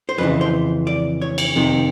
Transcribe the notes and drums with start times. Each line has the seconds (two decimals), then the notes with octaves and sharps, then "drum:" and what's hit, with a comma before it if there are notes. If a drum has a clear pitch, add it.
0.09 C5
0.18 F2 C#3 E3 B4
0.41 C5
0.87 D5
1.21 C#5
1.38 drum: cymbal
1.55 F2 C3 D#3